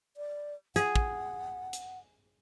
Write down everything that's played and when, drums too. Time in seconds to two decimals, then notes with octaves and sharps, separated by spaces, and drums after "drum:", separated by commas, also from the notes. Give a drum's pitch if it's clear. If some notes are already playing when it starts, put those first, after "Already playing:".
0.17 D5
0.76 G#4 F#5, drum: hi-hat
0.96 drum: kick
1.73 drum: hi-hat